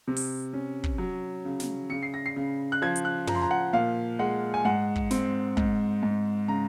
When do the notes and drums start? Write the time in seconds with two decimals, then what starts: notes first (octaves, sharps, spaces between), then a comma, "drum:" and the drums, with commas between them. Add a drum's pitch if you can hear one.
0.08 C3
0.17 drum: open hi-hat
0.53 C#4
0.84 drum: kick
0.98 F#3
1.45 C#3
1.60 drum: snare
1.90 C#3 C#7
2.03 C7
2.14 A#6
2.26 C7
2.36 C#3
2.72 F#6
2.82 F3 G#6
2.96 drum: hi-hat
3.05 F#6
3.27 F3 A#5, drum: tom
3.35 C6
3.42 A#5
3.51 F#5
3.73 A#2 F5
4.19 G#3 F#5
4.54 G#5
4.65 G#2 F#5
4.96 drum: kick
5.11 C4, drum: snare
5.57 G#2, drum: kick
6.03 G#2
6.48 C#3 A#5